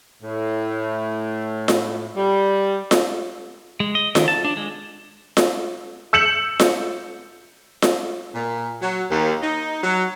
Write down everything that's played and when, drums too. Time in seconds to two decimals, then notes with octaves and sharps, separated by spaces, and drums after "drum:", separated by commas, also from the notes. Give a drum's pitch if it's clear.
0.23 A2
1.68 drum: snare F4
2.16 G3
2.91 drum: snare F4
3.80 G#3
3.95 D#5
4.15 D#3, drum: snare F4
4.28 A5
4.45 D4
4.57 G#3
5.37 drum: snare F4
6.13 E6 G6 C#7 E7 F#7
6.60 drum: snare F4
7.82 drum: snare F4
8.35 A#2
8.82 F#3
9.10 D#2
9.42 D#4
9.83 F#3